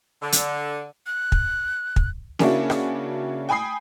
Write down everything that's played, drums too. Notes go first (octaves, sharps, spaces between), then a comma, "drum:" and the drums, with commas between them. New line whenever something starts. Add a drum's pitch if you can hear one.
D3
drum: hi-hat
F#6
drum: kick
drum: kick
C#3 A#3 C#4 D4 E4 F#4, drum: snare
drum: rim click
G5 G#5 B5 D#6 C7